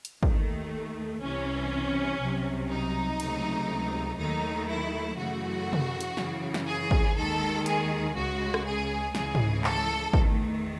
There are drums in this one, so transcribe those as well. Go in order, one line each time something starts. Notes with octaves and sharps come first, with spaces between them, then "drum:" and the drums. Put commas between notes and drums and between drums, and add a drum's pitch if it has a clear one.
drum: hi-hat
D#2 D#3 A3, drum: kick
C2 C3 E3 C#4
C2 C3 F#3
D#4
C#2 C3 F#3 A3, drum: cymbal
D#2 D#3 F#3 A3 D#4
E4
F#2 C#3 E3 A3 F#4
drum: tom C3
drum: hi-hat
F#2 C#3 E3, drum: snare
drum: snare
G#4
drum: kick
D#2 D#3 G#3 A4
G#4, drum: hi-hat
C#2 C#3 G#3 F#4
drum: rim click
G#4
C#2 C#3 E3 G#3 G#4, drum: snare
drum: tom G#2
A4, drum: clap
E2 D#3 A3, drum: kick